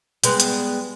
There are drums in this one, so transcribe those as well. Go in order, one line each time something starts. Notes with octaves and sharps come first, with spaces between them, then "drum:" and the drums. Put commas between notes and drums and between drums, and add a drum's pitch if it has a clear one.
G3 G#3 B3, drum: hi-hat
drum: hi-hat